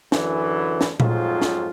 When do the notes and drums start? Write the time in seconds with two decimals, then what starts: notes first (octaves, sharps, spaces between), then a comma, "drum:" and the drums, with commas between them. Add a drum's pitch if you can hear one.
0.12 F#2 D3 E3, drum: snare
0.81 drum: snare
1.00 F2 G#2 F#3 F4, drum: tom A#2
1.42 drum: snare